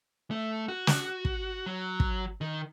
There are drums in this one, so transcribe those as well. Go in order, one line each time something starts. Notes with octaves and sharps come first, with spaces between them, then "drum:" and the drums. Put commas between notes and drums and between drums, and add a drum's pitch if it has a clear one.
A3
F#4
drum: snare
drum: kick
F#3
drum: kick
D#3